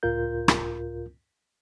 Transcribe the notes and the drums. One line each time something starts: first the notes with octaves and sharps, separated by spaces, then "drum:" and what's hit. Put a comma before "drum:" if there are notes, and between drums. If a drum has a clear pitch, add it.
C#2 A2 F4 A#4 G6
drum: rim click